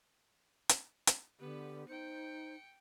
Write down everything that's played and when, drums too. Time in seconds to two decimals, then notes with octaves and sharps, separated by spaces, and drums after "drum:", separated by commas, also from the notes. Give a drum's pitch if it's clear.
0.69 drum: hi-hat
1.07 drum: hi-hat
1.40 D3 B3 G4 B4
1.88 D#4 C5 G5 C#7